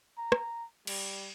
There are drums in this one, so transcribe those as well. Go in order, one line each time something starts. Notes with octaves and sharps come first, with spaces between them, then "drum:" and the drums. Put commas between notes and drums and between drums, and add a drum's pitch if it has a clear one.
A#5
drum: rim click
G3, drum: cymbal